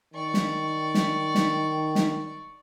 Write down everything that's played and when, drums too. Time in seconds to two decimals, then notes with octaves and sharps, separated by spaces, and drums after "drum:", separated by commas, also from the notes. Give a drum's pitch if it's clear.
0.14 D#3 D5 C#6
0.34 drum: snare
0.94 drum: snare
1.35 drum: snare
1.95 drum: snare